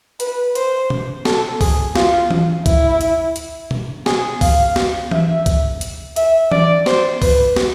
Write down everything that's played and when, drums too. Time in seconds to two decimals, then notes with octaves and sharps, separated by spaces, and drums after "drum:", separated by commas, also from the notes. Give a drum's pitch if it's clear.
0.20 B4, drum: hi-hat
0.55 C5, drum: hi-hat
0.90 drum: tom B2
1.25 A4, drum: snare
1.61 G#4, drum: kick C#2, open hi-hat
1.96 F4, drum: snare
2.31 drum: tom E3
2.66 E4, drum: kick C#2, hi-hat
3.01 drum: hi-hat
3.36 drum: hi-hat
3.71 drum: tom B2
4.06 G#4, drum: snare
4.41 F5, drum: kick C#2, open hi-hat
4.76 drum: snare
5.11 E5, drum: tom E3
5.46 drum: kick C#2, hi-hat
5.81 drum: hi-hat
6.16 E5, drum: hi-hat
6.52 D5, drum: tom E3
6.86 C5, drum: snare
7.22 B4, drum: kick C#2, open hi-hat
7.56 drum: snare